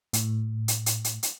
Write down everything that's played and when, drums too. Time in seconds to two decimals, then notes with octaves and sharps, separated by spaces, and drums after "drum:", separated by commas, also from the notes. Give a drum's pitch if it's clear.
0.13 A2, drum: hi-hat
0.68 drum: hi-hat
0.86 drum: hi-hat
1.04 drum: hi-hat
1.23 drum: hi-hat